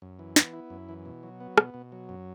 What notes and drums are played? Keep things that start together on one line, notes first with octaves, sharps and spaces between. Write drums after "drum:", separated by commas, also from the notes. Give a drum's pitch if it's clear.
F#2
E3
B3, drum: snare
E4
F#2
E3
B2
F#3
B3
B2, drum: rim click
B2
F#3
F#2